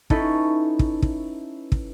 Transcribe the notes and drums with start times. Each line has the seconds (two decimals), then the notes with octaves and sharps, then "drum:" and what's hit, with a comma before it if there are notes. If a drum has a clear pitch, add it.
0.10 C#4 D#4 E4 A4 B4, drum: kick
0.79 drum: kick
1.02 drum: kick
1.72 drum: kick